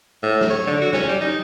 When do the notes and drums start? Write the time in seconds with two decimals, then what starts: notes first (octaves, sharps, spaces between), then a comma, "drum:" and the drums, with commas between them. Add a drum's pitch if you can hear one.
0.23 A2
0.41 drum: snare
0.50 C#5
0.67 D3
0.81 F#4
0.93 C#4, drum: snare
1.08 G3
1.21 D#4